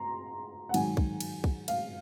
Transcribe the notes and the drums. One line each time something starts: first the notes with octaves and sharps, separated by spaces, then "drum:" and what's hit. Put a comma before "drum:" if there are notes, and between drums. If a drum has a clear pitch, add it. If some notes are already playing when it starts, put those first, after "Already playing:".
Already playing: A#5 C6
F#5
G#2 D#3 F#3 G#5, drum: cymbal
drum: kick
drum: cymbal
drum: kick
F5, drum: cymbal